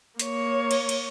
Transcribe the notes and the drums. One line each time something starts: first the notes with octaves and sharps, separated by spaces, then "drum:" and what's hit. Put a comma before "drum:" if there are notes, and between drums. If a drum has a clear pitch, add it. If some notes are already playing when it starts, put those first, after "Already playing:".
A#3 C#5, drum: hi-hat
drum: cymbal
drum: cymbal